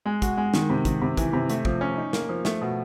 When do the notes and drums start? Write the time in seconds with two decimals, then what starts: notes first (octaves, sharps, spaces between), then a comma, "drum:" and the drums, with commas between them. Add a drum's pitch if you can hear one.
0.06 G#3
0.22 F#4, drum: kick, hi-hat
0.37 G#3
0.54 D#3, drum: snare
0.70 C3
0.85 D#3, drum: kick, hi-hat
1.02 C3
1.17 E3, drum: kick, hi-hat
1.33 C3
1.49 A3, drum: hi-hat
1.65 F3, drum: kick
1.81 C#4
1.98 D#4
2.13 A#3, drum: snare
2.29 F3
2.45 A3, drum: snare
2.61 B2